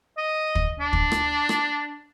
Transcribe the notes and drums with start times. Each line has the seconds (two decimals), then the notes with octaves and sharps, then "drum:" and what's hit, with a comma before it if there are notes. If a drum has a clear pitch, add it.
0.18 D#5
0.55 drum: kick
0.80 D4
0.93 drum: kick
1.12 drum: rim click
1.49 drum: rim click